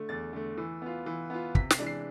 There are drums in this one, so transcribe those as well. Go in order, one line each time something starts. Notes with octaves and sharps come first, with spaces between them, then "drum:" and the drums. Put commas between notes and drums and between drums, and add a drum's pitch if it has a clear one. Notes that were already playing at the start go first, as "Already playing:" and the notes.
Already playing: D3 A3
E2 A6
D3 A3
E3
B3 F4
E3
B3 F4
C3 B6, drum: kick
C7, drum: snare
E3 G#3 D4
C7